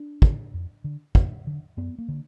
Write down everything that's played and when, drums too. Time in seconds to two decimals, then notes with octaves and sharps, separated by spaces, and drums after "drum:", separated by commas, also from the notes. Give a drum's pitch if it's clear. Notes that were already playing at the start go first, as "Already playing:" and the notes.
Already playing: D4
0.22 D3, drum: kick
0.54 F2
0.84 D3
1.15 F2, drum: kick
1.47 D3
1.77 F#2 B3
1.98 A#3
2.08 D3